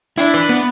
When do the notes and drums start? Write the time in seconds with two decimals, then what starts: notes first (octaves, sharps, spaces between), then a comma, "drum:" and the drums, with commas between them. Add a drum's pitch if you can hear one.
0.18 D4 E4, drum: hi-hat
0.34 B4
0.49 B3